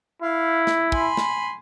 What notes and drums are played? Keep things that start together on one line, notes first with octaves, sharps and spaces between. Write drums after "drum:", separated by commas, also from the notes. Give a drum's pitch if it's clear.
E4 F5
drum: snare
G#5 B5 C6, drum: kick
drum: snare